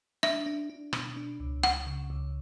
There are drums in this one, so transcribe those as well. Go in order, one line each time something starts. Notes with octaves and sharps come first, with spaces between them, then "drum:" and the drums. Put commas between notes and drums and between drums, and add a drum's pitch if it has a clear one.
D4 E5, drum: rim click
D4
D4
B2, drum: rim click
D4
C#2
C#2 F#5, drum: rim click
C#3
C#2